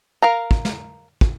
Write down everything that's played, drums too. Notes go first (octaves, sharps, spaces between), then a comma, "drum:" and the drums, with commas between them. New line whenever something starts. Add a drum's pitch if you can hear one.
A#4 F5 A#5
drum: kick
drum: snare
drum: kick